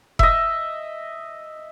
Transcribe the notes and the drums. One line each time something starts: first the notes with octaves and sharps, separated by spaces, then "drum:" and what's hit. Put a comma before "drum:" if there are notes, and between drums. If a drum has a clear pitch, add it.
D#5 E5, drum: kick F1